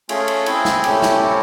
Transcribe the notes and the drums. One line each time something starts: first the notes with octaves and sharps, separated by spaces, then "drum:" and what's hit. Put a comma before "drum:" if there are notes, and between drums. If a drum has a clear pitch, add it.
A3 C#4 F4 G#4, drum: cymbal
drum: cymbal
C4 E4 G#4, drum: cymbal
drum: snare
A3 C#4 E4 G4, drum: cymbal
drum: snare
C4 E4 A4 C#5